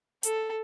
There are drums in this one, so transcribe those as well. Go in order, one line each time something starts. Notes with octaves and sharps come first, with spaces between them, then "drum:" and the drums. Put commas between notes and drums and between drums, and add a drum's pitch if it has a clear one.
A4, drum: hi-hat